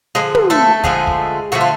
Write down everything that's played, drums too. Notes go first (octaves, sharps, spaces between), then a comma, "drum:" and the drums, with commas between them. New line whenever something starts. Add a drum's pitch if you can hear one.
D3 F3 G#3 G#4
drum: tom
A3 A4
D3 F3 G#3 A3 G#4, drum: kick
drum: kick
D3 F3 A3 F#4
F4